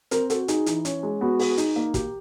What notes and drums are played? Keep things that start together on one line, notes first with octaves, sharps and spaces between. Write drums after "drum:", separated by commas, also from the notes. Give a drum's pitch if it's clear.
C4 A#4, drum: hi-hat
F#4 A4, drum: hi-hat
D#4 G#4, drum: hi-hat
E3, drum: hi-hat
C#4, drum: hi-hat
G#3
B3 F#4
G#4, drum: open hi-hat
D#4, drum: hi-hat
A#3
G4, drum: kick, hi-hat